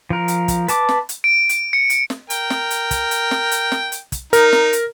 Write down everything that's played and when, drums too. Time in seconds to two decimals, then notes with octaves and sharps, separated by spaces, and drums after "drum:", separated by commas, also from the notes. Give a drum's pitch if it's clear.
0.10 F3 A#4
0.28 drum: hi-hat
0.48 drum: kick, hi-hat
0.68 B4 A5 D6, drum: hi-hat
0.89 drum: snare
1.09 drum: hi-hat
1.24 D7
1.49 drum: hi-hat
1.73 C#7
1.90 drum: hi-hat
2.10 drum: snare
2.30 A#4 G5, drum: hi-hat
2.50 drum: snare
2.71 drum: hi-hat
2.91 drum: kick, hi-hat
3.11 drum: hi-hat
3.31 drum: snare
3.51 drum: hi-hat
3.72 drum: snare
3.92 drum: hi-hat
4.12 drum: kick, hi-hat
4.33 D#4 A#4, drum: hi-hat
4.53 drum: snare
4.73 drum: hi-hat